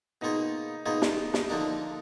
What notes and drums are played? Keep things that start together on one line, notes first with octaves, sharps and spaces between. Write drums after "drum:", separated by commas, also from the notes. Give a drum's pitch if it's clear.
B2 A#3 D#4 F4 G#4
B2 A#3 D#4 F4 G#4
drum: snare
drum: snare
D3 F3 A#3 D4 D#4